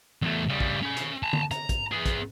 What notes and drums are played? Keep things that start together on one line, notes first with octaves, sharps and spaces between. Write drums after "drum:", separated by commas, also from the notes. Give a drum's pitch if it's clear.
E2 A3
C#3 G3
drum: kick
C#4 B5
drum: hi-hat
A5 A#5
drum: tom D3
A#5, drum: hi-hat
drum: kick, hi-hat
B3 G#4
drum: kick, hi-hat